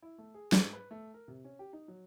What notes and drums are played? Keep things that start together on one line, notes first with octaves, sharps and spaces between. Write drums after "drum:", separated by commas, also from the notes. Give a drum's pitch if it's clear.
E4
A3
G#4
G#2, drum: snare
B4
A3
A#4
C3
C#4
G4
D#4
F#3